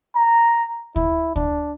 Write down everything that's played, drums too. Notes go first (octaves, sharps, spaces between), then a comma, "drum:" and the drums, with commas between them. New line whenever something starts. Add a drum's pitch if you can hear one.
A#5
E4, drum: kick
D4, drum: kick